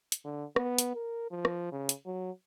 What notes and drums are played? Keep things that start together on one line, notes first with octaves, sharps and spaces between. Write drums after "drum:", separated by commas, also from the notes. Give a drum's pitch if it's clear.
drum: hi-hat
D3
B3, drum: rim click
drum: hi-hat
A#4
F3
drum: rim click
C#3
drum: hi-hat
F#3